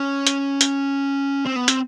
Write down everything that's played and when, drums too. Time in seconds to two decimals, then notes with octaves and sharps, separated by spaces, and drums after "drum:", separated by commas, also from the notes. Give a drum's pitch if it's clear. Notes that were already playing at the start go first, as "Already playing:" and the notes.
Already playing: C#4
0.27 drum: hi-hat
0.61 drum: hi-hat
1.45 C4
1.56 B3
1.68 C4, drum: hi-hat